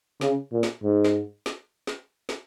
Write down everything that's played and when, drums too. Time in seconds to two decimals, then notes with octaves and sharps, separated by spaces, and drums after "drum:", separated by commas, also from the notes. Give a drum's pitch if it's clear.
0.21 C#3, drum: snare
0.52 A#2
0.63 drum: snare
0.84 G#2
1.05 drum: snare
1.46 drum: snare
1.87 drum: snare
2.29 drum: snare